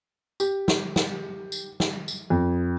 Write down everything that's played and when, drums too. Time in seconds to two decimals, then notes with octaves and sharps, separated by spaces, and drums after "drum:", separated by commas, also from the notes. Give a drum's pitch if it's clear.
0.40 G4, drum: tambourine
0.68 drum: snare
0.96 drum: snare
1.52 drum: tambourine
1.80 drum: snare
2.08 drum: tambourine
2.30 F2